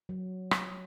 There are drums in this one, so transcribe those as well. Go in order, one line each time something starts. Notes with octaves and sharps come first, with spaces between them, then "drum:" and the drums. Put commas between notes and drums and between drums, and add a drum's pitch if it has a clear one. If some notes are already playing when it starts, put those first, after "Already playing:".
F#3
drum: rim click